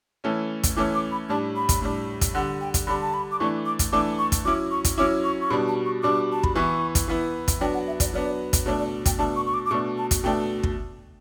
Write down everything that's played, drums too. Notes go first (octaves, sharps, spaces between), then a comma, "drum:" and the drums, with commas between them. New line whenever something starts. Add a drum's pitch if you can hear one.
E3 A3 C#4
drum: kick, hi-hat
E3 A3 C#4 D6
D6
B5
A2 G3 D4 A5
B5
drum: kick, hi-hat
A2 G3 D4
drum: kick, hi-hat
D3 G3 D4 F#5
G5
drum: kick, hi-hat
D3 G3 D4 B5
A5
B5
D6
E3 A3 D4 C#6
D6
drum: kick, hi-hat
E3 A3 D4 D6
C#6
drum: kick, hi-hat
F#3 C#4 E4 D6
C#6
drum: kick, hi-hat
F#3 C#4 E4 D6
C#6
C#6
B2 G3 D4 B5
A5
C#6
B2 G3 D4 D6
A5
B5, drum: kick
E3 B3 E4 C#6
drum: kick, hi-hat
E3 B3 E4
drum: kick, hi-hat
F#3 B3 D4 G5
F#5
E5
D5, drum: kick, hi-hat
F#3 B3 D4 D5
drum: kick, hi-hat
B2 A3 D4 C#5
D5
G5, drum: kick, hi-hat
B2 A3 D4 A5
C#6
C#6
D6
D6
B2 A3 D4 C#6
A5
drum: kick, hi-hat
B2 A3 D4 G5
drum: kick